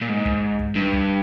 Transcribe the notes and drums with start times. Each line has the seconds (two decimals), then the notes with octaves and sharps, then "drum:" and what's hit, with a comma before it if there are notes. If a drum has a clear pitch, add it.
0.01 A#2
0.09 G#2
0.25 drum: kick
0.59 drum: kick
0.76 G2
0.93 drum: kick